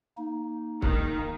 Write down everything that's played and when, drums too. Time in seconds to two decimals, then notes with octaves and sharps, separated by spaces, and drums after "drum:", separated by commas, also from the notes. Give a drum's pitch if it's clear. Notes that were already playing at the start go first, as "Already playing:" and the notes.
0.17 A#3 D#4
0.82 D#3, drum: kick C#1